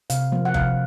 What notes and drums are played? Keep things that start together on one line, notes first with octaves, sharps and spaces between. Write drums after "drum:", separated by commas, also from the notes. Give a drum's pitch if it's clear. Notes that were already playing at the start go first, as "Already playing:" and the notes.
C3 F5, drum: hi-hat
F3 A#3
F#5
C3 F5, drum: kick F#1